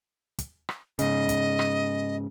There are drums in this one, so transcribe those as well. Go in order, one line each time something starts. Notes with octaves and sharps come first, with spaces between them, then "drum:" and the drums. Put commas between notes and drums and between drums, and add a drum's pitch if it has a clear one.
drum: kick, hi-hat
drum: rim click
G#2 C#3 D#5, drum: hi-hat
drum: kick, hi-hat
drum: rim click